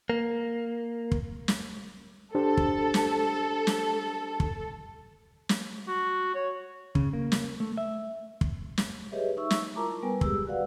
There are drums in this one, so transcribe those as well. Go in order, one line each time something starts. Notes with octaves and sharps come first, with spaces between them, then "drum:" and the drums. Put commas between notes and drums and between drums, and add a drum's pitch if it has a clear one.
A#3
drum: kick
drum: snare
D4 G4 A4 C5
drum: kick
drum: snare
drum: snare
drum: kick
drum: snare
F#4
C#5
C#3, drum: kick
A#3
drum: snare
A3
E5
drum: kick
drum: snare
G4 G#4 B4 C#5 D#5 E5
D#4 E5 C#6 E6
drum: snare
E4 F4 A#4 A5 A#5 D6
G3 B3 A#4 B4 G#5
G#3 G4 G#4 E6, drum: kick
F#4 B4 D5 F5 F#5